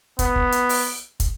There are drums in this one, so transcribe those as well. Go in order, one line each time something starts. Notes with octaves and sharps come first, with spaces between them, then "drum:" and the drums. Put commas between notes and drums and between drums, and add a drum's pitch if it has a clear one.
B3, drum: kick, hi-hat
drum: kick
drum: hi-hat
drum: open hi-hat
drum: kick, hi-hat